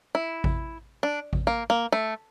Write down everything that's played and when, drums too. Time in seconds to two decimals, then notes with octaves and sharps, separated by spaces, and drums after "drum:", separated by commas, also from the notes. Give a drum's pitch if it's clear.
0.15 E4
0.44 drum: kick A1
1.03 D4
1.33 drum: kick A1
1.47 A#3
1.70 A#3
1.92 A3